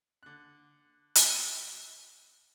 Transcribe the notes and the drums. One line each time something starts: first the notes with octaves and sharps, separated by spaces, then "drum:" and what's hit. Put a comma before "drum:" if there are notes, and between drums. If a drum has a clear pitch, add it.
D3 F#6
drum: hi-hat